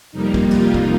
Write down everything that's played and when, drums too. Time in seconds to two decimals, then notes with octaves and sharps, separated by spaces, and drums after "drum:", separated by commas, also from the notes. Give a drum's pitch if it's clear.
0.12 F2 C3 G3 A#3 D#4
0.34 drum: kick
0.51 F4, drum: cymbal
0.74 drum: kick